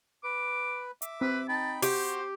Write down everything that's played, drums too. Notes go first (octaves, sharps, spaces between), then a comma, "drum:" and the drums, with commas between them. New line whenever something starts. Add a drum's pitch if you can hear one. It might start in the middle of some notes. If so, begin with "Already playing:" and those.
B4 D6
E5 D6, drum: hi-hat
C4 B4
D#4 G5 A5 B5
F#4 G4 C5, drum: open hi-hat